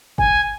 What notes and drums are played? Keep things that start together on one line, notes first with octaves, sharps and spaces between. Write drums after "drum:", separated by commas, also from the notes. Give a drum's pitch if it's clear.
G#5, drum: kick F#1